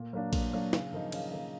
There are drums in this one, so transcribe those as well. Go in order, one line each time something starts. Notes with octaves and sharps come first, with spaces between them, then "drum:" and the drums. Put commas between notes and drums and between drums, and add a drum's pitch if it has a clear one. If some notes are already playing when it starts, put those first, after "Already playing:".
Already playing: A#2
F#3 A#3 D4
A#2, drum: kick A#1, cymbal
F#3 A#3 D4
C#3, drum: snare
F3 A#3 D#4
C#3, drum: cymbal
F3 A#3 D#4